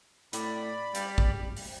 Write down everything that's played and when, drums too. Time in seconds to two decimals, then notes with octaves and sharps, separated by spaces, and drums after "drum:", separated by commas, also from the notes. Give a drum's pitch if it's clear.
0.33 A2 D5 B5, drum: hi-hat
0.95 G3, drum: hi-hat
1.18 drum: kick A1
1.57 drum: open hi-hat